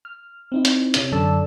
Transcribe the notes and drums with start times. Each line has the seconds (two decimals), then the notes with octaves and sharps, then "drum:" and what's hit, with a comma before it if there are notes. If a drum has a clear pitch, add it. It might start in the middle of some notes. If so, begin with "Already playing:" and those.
0.05 F6
0.52 C4 D#4 E4
0.65 drum: hi-hat
0.94 C3 C#4, drum: hi-hat
1.12 F#2 D3 A4 D5 A5 E6